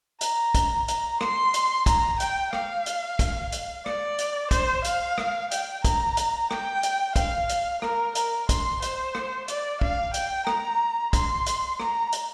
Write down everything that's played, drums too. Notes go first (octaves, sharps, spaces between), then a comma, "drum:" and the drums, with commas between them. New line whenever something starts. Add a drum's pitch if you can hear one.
A#5, drum: hi-hat
drum: kick, hi-hat
A#5, drum: hi-hat
C6, drum: rim click
drum: hi-hat
A#5, drum: kick, hi-hat
G5, drum: hi-hat
F5, drum: rim click
drum: hi-hat
drum: kick, hi-hat
drum: hi-hat
D5, drum: rim click
drum: hi-hat
C5, drum: kick, hi-hat
F5, drum: hi-hat
drum: rim click
G5, drum: hi-hat
A#5, drum: kick, hi-hat
drum: hi-hat
G5, drum: rim click
drum: hi-hat
F5, drum: kick, hi-hat
drum: hi-hat
A#4, drum: rim click
A#4, drum: hi-hat
C6, drum: kick, hi-hat
C5, drum: hi-hat
drum: rim click
D5, drum: hi-hat
F5, drum: kick
G5, drum: hi-hat
A#5, drum: rim click
C6, drum: kick, hi-hat
drum: hi-hat
A#5, drum: rim click
drum: hi-hat